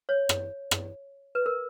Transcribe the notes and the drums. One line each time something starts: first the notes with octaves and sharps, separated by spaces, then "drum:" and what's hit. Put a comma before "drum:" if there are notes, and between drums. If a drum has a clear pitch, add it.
C#5
drum: rim click
drum: rim click
B4
A#4